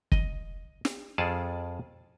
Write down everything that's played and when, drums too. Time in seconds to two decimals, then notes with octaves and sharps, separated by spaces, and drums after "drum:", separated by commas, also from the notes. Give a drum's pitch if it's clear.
0.12 D#5, drum: kick
0.85 drum: snare
1.18 F2 F4 G#4 D5 A5